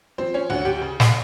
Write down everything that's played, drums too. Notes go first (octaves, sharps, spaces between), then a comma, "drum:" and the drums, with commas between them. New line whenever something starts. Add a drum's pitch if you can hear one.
F3 C4 C5
C#4 C#5
D2 F#4 F#5
G4 G5
C#3
drum: snare